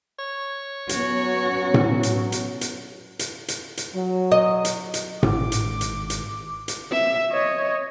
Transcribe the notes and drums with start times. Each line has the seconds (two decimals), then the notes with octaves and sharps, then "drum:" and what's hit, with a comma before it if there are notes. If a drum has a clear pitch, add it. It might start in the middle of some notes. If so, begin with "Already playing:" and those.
0.19 C#5
0.89 F#3 B3 C#4 F#4, drum: hi-hat
1.74 drum: tom A2
2.03 drum: hi-hat
2.32 drum: hi-hat
2.61 drum: hi-hat
3.19 drum: hi-hat
3.48 drum: hi-hat
3.77 drum: hi-hat
3.95 F#3
4.32 D#5
4.65 drum: hi-hat
4.94 drum: hi-hat
5.23 G#1 D6, drum: tom A2
5.52 drum: hi-hat
5.81 drum: hi-hat
6.10 drum: hi-hat
6.68 drum: hi-hat
6.92 E5
7.31 C#5 D#5